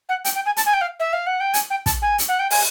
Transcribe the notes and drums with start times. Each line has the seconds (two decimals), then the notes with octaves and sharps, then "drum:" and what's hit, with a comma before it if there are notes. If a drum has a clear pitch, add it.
0.09 F#5
0.25 G5, drum: hi-hat
0.35 G5
0.46 G#5
0.57 A5, drum: hi-hat
0.66 G#5
0.74 G5
0.81 F5
1.00 E5
1.13 F5
1.27 F#5
1.40 G5
1.54 G#5, drum: hi-hat
1.70 G5
1.86 A5, drum: kick, hi-hat
2.02 G#5
2.18 drum: hi-hat
2.29 F#5
2.39 G5
2.50 G#5, drum: open hi-hat